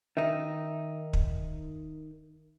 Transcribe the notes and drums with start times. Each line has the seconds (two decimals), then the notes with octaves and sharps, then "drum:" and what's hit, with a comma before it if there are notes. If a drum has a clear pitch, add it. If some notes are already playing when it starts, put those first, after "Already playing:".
0.17 D#3 D#4 E5
1.13 drum: kick